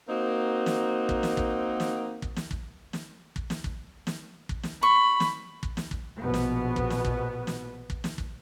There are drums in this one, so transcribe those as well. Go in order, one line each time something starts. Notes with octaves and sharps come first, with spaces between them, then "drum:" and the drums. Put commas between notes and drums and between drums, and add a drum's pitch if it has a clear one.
A#3 C4 D#4 F#4 A#4
drum: snare
drum: kick
drum: snare
drum: kick
drum: snare
drum: kick
drum: snare
drum: kick
drum: snare
drum: kick
drum: snare
drum: kick
drum: snare
drum: kick
drum: snare
B5 C#6
drum: snare
drum: kick
drum: snare
drum: kick
A#1 B2 B3
drum: snare
drum: kick
drum: snare
drum: kick
drum: snare
drum: kick
drum: snare
drum: kick